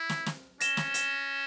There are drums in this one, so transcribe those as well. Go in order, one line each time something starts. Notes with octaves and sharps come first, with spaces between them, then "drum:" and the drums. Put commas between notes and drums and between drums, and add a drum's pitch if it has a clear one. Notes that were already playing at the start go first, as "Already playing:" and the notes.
Already playing: E4
drum: snare
drum: snare
C#4 A#6 E7 G7, drum: hi-hat
drum: snare
drum: hi-hat